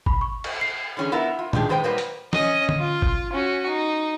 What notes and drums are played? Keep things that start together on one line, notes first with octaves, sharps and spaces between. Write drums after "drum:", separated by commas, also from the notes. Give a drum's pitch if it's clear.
B5, drum: kick G1
C#6
drum: cymbal
C7
D3 E3 C#4 F#4 G#4
B3 E4 F4 A#4 E5
F4
D#3 F3 D4 G4 G#4, drum: tom A#2
D#3 G#3 B4 C5 G5
F#3 G3 A#3 D#4 B4 C5
drum: hi-hat
C#4 D#5, drum: snare
drum: tom D3
F4
drum: kick G1
C#4 F#4
D#4